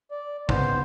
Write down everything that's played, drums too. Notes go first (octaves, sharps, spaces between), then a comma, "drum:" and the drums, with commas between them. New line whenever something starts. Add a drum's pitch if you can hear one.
D5
C#2 G#2 B3 C4 C5, drum: kick